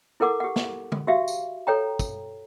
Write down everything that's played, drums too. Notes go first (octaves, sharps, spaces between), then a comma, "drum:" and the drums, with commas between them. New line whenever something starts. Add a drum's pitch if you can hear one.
E4 A4 A#4 F#5 D6
G4 F#5
drum: snare
drum: tom
F#4 G4 E5 F5
drum: tambourine
A4 C#5 G5 A#5
drum: kick, tambourine